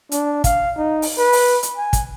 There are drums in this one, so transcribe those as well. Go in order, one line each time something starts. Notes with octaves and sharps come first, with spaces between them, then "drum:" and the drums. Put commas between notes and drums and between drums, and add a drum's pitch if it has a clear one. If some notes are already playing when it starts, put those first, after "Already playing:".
D4, drum: hi-hat
F5, drum: kick, hi-hat
D#4
drum: open hi-hat
B4
drum: open hi-hat
drum: hi-hat
G#5
drum: kick, hi-hat